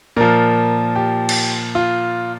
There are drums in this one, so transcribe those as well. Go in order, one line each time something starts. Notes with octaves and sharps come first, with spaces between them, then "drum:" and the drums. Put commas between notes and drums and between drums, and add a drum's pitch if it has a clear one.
A#2 F3 A#4
G4
drum: cymbal
F4